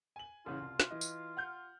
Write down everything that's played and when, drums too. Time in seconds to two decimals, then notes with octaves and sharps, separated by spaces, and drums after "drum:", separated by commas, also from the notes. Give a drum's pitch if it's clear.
0.16 G#5 F#7
0.46 A1 C#3 E3 F4
0.59 C2 C6
0.80 drum: snare
0.91 E3 D#5
1.01 drum: tambourine
1.37 F#5 F6 G6